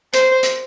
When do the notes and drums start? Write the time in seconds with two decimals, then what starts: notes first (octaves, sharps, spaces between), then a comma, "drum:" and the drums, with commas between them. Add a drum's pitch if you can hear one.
0.13 C5, drum: hi-hat
0.43 drum: hi-hat